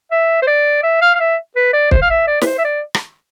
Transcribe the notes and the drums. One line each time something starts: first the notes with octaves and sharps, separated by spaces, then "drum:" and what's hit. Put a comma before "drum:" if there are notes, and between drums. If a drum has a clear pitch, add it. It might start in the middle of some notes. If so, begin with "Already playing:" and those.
E5
C5
D5
E5
F5
F5
E5
B4
D5
C5, drum: kick
F5
E5
D5
B4, drum: snare
C5
E5
D5
drum: rim click